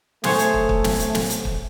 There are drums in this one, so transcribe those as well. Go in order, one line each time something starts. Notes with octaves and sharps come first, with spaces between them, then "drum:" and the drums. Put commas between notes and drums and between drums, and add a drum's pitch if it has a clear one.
A3 G#4 C5 C#5, drum: snare
drum: hi-hat
drum: kick
drum: kick
drum: snare
drum: hi-hat
drum: snare
drum: hi-hat
drum: kick